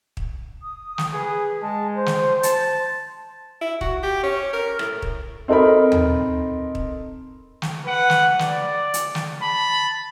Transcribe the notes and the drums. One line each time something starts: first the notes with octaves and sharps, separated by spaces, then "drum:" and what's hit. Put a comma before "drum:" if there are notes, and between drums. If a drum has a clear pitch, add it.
drum: kick
D#6
drum: snare
G#4 B4
G#3 A5
C5
drum: snare
A5, drum: hi-hat
E4
F#4, drum: kick
G4
C#4
A#4
A2, drum: rim click
drum: kick
C4 D#4 A4 A#4 B5
drum: tom D#2
drum: kick
drum: snare
B4 F#5
drum: snare
D5, drum: snare
drum: hi-hat
drum: snare
A5 B5